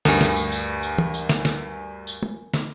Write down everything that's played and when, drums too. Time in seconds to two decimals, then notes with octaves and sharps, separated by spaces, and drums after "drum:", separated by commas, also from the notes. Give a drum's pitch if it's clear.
0.05 D2 G2 A#4 G#5, drum: snare
0.21 drum: snare
0.36 drum: tambourine
0.52 drum: tambourine
0.83 drum: tambourine
0.98 drum: tom
1.14 drum: tambourine
1.29 drum: snare
1.45 drum: snare
2.07 drum: tambourine
2.23 drum: tom
2.54 drum: snare